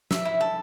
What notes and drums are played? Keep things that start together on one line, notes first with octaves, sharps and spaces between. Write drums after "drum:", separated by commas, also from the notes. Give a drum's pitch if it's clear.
E5, drum: snare
E4
A4